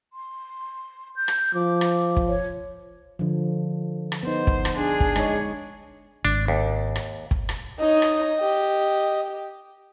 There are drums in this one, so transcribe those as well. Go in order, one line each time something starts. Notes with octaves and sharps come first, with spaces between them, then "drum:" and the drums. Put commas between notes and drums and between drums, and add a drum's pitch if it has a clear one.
C6
G6
drum: rim click
F3 D6
drum: rim click
drum: kick
C#5
D3 F3
drum: rim click
B3 D#4 C5
drum: kick
drum: rim click
D4 G#4
drum: kick
G#3 D#4 C#5, drum: rim click
G#1 D4
D#2
drum: rim click
drum: kick
drum: rim click
D#4 C#5 D#5
drum: rim click
G4